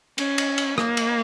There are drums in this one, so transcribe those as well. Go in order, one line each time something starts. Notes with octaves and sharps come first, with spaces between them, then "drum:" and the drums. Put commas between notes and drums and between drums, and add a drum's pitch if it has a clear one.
C#4, drum: cymbal
drum: cymbal
drum: cymbal
A#3, drum: rim click
drum: cymbal